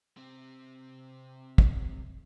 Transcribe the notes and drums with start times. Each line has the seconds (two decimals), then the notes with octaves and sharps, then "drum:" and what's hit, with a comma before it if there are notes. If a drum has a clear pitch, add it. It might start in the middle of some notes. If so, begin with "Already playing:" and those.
0.17 C3 C4
1.58 drum: kick